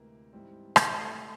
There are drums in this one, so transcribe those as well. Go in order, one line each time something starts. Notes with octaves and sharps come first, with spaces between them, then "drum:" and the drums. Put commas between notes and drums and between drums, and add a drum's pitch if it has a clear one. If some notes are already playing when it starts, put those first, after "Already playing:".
Already playing: D2 C3 E3 G#3 A#3
G#2 E3 G3 C4
drum: rim click
A3 A4